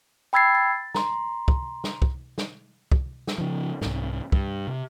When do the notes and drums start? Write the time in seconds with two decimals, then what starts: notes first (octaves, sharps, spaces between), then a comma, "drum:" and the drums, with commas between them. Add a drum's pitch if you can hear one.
0.33 G5 B5 E6 G#6 A6 C7
0.55 A6
0.94 A#5 C6, drum: snare
1.48 drum: kick
1.84 drum: snare
2.02 drum: kick
2.38 drum: snare
2.92 drum: kick
3.27 drum: snare
3.38 C#3 F3
3.81 C2 G#2, drum: snare
4.32 G2, drum: kick
4.67 C3